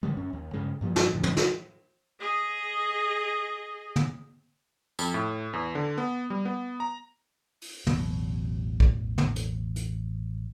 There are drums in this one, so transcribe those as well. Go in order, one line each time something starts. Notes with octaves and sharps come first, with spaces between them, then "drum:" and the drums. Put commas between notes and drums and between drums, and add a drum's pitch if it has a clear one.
A#2 D3 G3 G#3
F#2 C#4
D#2
G2 C#3 G#3
G2 A#2 F3 G3
drum: snare
F2 A2 D3 F3
drum: tom
drum: snare
G#4 D#5
drum: tom
F2, drum: tambourine
A2
E2
D3
B3
G3
B3
A#5
drum: open hi-hat
A1 E2 B2 F#3, drum: tom
drum: kick
drum: tom
drum: hi-hat
drum: hi-hat